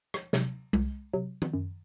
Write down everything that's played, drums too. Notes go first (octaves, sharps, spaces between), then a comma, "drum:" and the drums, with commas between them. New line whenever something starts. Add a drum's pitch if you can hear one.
drum: rim click
C3 F#3, drum: snare
C2, drum: tom
C3 F#3
drum: tom
F#2